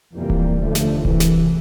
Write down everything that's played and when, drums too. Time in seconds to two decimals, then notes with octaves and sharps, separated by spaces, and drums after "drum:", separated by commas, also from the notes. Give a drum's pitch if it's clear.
0.14 F2 C3 E3 G3 A#3
0.30 drum: kick D1
0.60 D#2 D3 F3 A3
0.75 drum: snare
1.05 C2 C3 E3, drum: kick D1
1.20 drum: snare